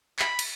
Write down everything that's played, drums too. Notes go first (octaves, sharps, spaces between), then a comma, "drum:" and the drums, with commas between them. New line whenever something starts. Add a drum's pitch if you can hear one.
B5, drum: clap
drum: cymbal